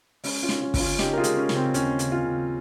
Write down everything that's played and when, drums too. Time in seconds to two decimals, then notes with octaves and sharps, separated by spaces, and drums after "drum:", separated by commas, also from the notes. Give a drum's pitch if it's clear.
0.24 G#3 C#4, drum: open hi-hat
0.43 C#4 F4
0.49 G#3, drum: snare
0.61 C#4 F4
0.74 C#3, drum: kick, open hi-hat
0.79 C#4 F4
0.99 C#3 D#4 G4, drum: snare
1.13 A#4
1.18 F4 G#4
1.24 G#3, drum: hi-hat
1.36 C#4
1.49 C#3, drum: snare
1.55 C4
1.74 D#2 C#4, drum: hi-hat
1.99 C#3, drum: hi-hat
2.12 C#4 F4
2.25 C#3